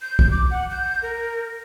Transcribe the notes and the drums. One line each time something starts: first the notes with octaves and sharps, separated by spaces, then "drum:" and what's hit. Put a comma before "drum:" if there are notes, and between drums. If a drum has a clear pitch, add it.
G6
drum: kick
D6
F#5
G6
A#4